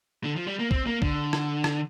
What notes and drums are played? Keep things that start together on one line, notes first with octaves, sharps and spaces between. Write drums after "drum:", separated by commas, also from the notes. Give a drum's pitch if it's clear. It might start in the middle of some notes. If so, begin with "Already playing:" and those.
D3
F3
G3
A#3
C4, drum: kick
A#3
D3, drum: kick
drum: rim click
drum: rim click